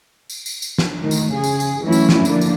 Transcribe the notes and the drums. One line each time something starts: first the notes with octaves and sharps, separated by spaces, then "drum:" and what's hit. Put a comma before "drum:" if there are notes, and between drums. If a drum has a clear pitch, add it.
drum: tambourine
drum: tambourine
drum: tambourine
drum: snare
D#3 A3
drum: tambourine
C#3 G#4
drum: tambourine
drum: tambourine
E3 F#3 A3 C#4 E4
drum: tambourine
drum: snare
D3 F3 A#3 D4, drum: tambourine
drum: tambourine